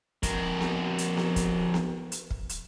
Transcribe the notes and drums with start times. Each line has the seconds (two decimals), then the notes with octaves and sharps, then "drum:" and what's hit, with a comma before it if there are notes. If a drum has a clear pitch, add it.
0.23 F2 A#4, drum: kick, hi-hat
0.61 drum: snare B3
0.98 drum: hi-hat
1.17 drum: snare B3
1.36 drum: kick, hi-hat
1.74 drum: snare B3
2.12 drum: hi-hat
2.31 drum: kick
2.49 drum: hi-hat